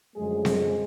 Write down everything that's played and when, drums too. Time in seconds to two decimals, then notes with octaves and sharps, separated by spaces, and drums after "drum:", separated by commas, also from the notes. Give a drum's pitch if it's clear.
0.16 F#2 D3 F3 G#3 A3 G#4
0.45 G#3 G#4, drum: snare C4